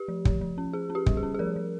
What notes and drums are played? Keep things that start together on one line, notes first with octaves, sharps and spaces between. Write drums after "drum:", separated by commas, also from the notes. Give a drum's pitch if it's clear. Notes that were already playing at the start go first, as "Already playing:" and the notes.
Already playing: G4
F3
F3, drum: kick
F3
C#4
C#4 G#4
C#4
G4
G3, drum: kick
G#4
C#4
G#4
F3 A#4
F3